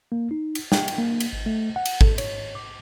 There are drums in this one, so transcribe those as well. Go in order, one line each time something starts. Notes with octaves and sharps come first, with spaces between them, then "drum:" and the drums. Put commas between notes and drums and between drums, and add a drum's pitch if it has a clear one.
A#3
D#4
drum: cymbal
G5, drum: snare
drum: cymbal
A#3
drum: cymbal
G#1
A3
F#5
drum: cymbal
A4, drum: kick G#1
C#5, drum: cymbal
D6